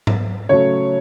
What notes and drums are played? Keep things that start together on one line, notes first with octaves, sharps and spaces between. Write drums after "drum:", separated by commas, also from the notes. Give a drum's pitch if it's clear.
drum: tom G#2
C#3 F#3 A3 C#5